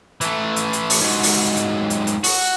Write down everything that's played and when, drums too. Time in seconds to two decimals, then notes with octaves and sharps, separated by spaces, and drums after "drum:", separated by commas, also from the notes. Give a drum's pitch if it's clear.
0.21 E3 A3, drum: hi-hat
0.56 drum: hi-hat
0.73 drum: hi-hat
0.90 drum: open hi-hat
1.02 G#2 F#3
1.23 drum: open hi-hat
1.57 drum: hi-hat
1.90 drum: hi-hat
2.07 drum: hi-hat
2.24 F#4, drum: open hi-hat